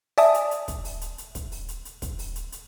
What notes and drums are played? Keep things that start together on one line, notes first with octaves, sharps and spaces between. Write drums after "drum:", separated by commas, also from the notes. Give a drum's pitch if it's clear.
D5 E5 G#5 A5 D#6, drum: open hi-hat
drum: hi-hat
drum: hi-hat
drum: kick, hi-hat
drum: open hi-hat
drum: hi-hat
drum: hi-hat
drum: kick, hi-hat
drum: open hi-hat
drum: hi-hat
drum: hi-hat
drum: kick, hi-hat
drum: open hi-hat
drum: hi-hat
drum: hi-hat